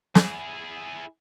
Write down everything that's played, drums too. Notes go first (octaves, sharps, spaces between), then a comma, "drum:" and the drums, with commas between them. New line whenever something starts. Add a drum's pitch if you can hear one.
E4 G#4, drum: snare